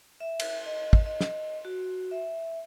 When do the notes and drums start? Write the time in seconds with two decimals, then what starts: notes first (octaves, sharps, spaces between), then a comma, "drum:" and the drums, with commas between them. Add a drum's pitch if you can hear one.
0.20 E5
0.40 drum: cymbal
0.66 D#5
0.93 drum: kick
1.06 D#5
1.21 drum: snare
1.65 F#4
2.11 E5